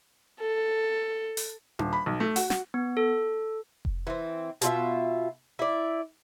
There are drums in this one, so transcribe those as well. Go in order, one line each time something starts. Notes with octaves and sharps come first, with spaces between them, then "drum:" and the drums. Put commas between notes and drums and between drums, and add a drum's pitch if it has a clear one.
A4
drum: open hi-hat
D#1, drum: tom D4
B5
B1
A3
F#4, drum: open hi-hat
F#4, drum: snare
B3
A4
drum: kick F1
E3 C4
B2 F4 E5, drum: hi-hat
E4 D5